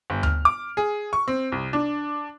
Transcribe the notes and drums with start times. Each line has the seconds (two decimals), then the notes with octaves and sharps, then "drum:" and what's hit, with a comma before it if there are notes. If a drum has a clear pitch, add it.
0.10 G1
0.23 F6, drum: tom D2
0.45 D6
0.77 G#4
1.13 C#6
1.28 C4
1.52 C2
1.73 D4